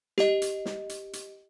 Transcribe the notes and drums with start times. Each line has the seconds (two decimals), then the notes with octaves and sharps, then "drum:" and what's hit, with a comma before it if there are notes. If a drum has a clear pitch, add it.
0.18 G4 D#5, drum: snare
0.42 drum: hi-hat
0.65 drum: snare
0.89 drum: hi-hat
1.13 drum: hi-hat